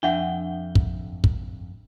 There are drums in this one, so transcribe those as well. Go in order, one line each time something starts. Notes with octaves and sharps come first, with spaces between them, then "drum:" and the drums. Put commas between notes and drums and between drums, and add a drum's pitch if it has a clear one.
F2 D4 E5 F#5 G5
drum: kick
drum: kick